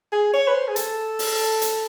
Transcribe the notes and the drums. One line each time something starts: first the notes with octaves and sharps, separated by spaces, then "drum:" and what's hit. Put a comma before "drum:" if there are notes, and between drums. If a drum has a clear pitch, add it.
G#4
C#5
B4
C5
G#4
A4, drum: hi-hat
drum: open hi-hat
drum: hi-hat